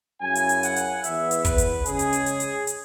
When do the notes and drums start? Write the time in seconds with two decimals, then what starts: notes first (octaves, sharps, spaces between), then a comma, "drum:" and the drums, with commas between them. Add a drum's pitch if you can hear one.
0.21 F#2 C#3 F#3 E4 G#5
0.35 drum: hi-hat
0.49 drum: hi-hat
0.63 F#5, drum: hi-hat
0.76 drum: hi-hat
1.04 E2 E3 B3 E5, drum: hi-hat
1.31 drum: hi-hat
1.45 B4, drum: kick, hi-hat
1.58 drum: hi-hat
1.86 C#3 G#3 C#4 G#4, drum: hi-hat
1.99 drum: hi-hat
2.13 drum: hi-hat
2.26 drum: hi-hat
2.40 drum: hi-hat
2.67 drum: hi-hat